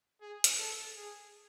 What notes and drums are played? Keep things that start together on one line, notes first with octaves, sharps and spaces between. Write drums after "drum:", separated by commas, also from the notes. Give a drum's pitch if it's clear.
G#4
drum: hi-hat
A4
G#4